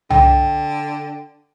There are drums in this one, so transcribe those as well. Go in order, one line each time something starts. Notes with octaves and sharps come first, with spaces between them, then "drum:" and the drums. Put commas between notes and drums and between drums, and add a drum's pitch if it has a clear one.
D3 G5, drum: tom C2